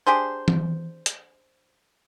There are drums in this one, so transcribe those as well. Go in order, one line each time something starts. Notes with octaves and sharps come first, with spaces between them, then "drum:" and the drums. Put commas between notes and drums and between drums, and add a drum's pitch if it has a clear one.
D4 G4 G#4 C5
drum: tom E3
drum: hi-hat